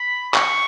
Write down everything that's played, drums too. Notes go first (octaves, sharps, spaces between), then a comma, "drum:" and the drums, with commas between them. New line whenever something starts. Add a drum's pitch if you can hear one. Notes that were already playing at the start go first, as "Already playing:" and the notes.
Already playing: B5
C#6, drum: clap